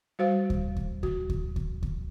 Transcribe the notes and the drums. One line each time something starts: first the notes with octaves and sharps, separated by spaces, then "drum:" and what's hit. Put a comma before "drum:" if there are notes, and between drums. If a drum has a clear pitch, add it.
G3 F#4 C5 F5
drum: kick D2
drum: kick D2
F#4, drum: kick D2
drum: kick D2
drum: kick D2
drum: kick D2